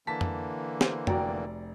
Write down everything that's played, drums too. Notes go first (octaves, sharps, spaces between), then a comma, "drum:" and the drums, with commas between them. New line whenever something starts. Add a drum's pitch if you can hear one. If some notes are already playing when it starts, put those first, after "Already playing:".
D3 E3 A#3 A5 B6
drum: tom
C5, drum: snare
F1 F#4 D5 G5 A#5, drum: tom